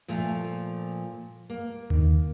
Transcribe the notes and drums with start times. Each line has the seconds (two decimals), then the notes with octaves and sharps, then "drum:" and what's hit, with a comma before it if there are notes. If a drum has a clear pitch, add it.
0.08 A#2 F3 A3
1.50 A#3
1.90 D#3, drum: tom D#2